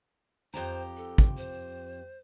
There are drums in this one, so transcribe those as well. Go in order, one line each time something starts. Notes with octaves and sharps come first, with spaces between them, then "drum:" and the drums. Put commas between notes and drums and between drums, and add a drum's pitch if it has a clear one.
F2 G4 C5 A#5
A4
drum: kick
C5